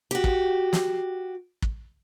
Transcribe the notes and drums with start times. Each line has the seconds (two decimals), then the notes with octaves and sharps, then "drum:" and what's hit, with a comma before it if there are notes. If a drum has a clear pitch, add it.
0.11 F#4 G4
0.24 drum: kick
0.73 drum: snare
1.62 drum: kick